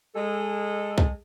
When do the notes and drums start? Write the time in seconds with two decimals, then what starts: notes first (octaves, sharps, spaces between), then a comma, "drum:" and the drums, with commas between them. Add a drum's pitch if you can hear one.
0.15 G#3 A4
0.98 drum: kick B1